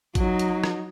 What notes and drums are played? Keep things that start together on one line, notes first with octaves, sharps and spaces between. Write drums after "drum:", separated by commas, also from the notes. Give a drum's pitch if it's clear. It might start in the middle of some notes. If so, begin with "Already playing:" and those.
F#3 D#4, drum: kick, hi-hat
drum: hi-hat
drum: rim click